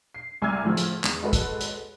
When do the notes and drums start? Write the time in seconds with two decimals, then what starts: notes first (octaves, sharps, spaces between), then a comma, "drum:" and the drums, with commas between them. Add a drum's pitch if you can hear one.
0.14 C7
0.42 C2 G#5 D6 E6 F6 G#6
0.63 A2 C#3 F3
0.77 drum: hi-hat
1.04 E2, drum: clap
1.23 G#3 F#4 A4 B4
1.33 drum: kick, hi-hat
1.61 drum: hi-hat